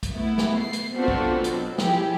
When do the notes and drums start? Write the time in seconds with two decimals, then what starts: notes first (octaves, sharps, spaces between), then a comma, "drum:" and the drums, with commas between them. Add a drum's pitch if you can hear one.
0.03 drum: kick, hi-hat
0.13 A3 B3 E4
0.38 drum: snare
0.60 A3 C7
0.73 drum: hi-hat
0.96 B3 C4 D4 F4 F#4 A4
1.08 drum: kick
1.44 B2 F#3 C4, drum: hi-hat
1.78 F3 E4 G4 G#4, drum: snare